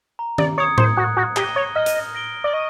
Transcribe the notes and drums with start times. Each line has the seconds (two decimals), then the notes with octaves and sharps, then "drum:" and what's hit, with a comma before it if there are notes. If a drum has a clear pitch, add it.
0.19 A#5
0.38 D5, drum: tom D#3
0.58 C#5 D#6 G#6 C#7
0.78 C5, drum: tom A2
0.97 F#4 F#6
1.17 F#4
1.36 G4 A#6 D#7 G7, drum: clap
1.56 C#5
1.75 D#5 F6
1.86 drum: hi-hat
2.15 A#6 D7 G7
2.44 D5
2.53 D#5 C#6